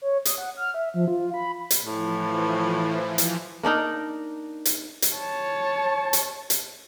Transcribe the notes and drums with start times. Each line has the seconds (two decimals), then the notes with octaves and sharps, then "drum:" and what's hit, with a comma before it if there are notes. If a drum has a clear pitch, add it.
0.02 C#5
0.25 D#6, drum: hi-hat
0.38 F#5
0.57 F6
0.74 E5
0.94 F3
1.08 F4
1.34 B5
1.70 drum: hi-hat
1.83 A2 E3 F3
3.18 drum: hi-hat
3.63 A#3 D4 D#4 A#4
4.65 drum: hi-hat
5.02 drum: hi-hat
5.14 C#5 A5
6.13 drum: hi-hat
6.50 drum: hi-hat